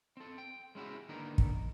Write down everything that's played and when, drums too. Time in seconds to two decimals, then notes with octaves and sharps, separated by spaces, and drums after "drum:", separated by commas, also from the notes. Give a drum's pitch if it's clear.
0.17 C4 A4
0.38 G5
0.75 G#3 C#4 E4 F#4 G4
1.09 D3 D#3 A#3 B3 D#4 A#4
1.38 drum: kick